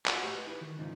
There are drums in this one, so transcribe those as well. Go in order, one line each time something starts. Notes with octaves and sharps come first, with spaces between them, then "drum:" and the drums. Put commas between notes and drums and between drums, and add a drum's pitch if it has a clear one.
F4 F#4 G#4 C#5 F#5 G#5, drum: clap
A2 G4 D#5
B4
E4 B4
D#3
G#2 C#3 F3 D#4